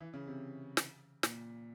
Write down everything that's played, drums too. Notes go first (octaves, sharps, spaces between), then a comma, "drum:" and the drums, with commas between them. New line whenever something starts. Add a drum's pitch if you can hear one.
E3
C#3
C3
drum: snare
A#2, drum: snare